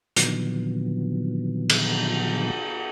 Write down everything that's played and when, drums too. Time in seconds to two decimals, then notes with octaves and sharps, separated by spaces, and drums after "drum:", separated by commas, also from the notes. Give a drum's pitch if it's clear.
0.16 A#2 D3 D#3 F3 F#3 B3, drum: hi-hat
1.70 drum: cymbal